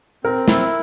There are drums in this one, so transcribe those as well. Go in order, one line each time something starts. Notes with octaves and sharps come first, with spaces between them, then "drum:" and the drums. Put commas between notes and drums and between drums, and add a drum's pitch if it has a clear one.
C4 A#4
E4, drum: snare